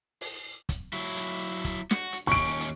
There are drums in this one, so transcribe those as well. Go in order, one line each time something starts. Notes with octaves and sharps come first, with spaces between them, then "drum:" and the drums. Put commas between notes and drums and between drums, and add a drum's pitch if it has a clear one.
drum: open hi-hat
drum: kick, hi-hat
F#3 E4
drum: hi-hat
drum: kick, hi-hat
F#4, drum: snare
drum: hi-hat
D#2 C#4 C#6 D7
drum: kick
drum: hi-hat